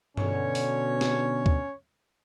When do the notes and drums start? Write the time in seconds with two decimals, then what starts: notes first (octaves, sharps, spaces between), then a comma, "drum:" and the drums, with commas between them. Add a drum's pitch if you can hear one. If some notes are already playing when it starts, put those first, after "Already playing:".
0.17 B2 D3 C#4 C#5, drum: tom G2
0.55 drum: open hi-hat
1.01 drum: snare
1.46 drum: kick D2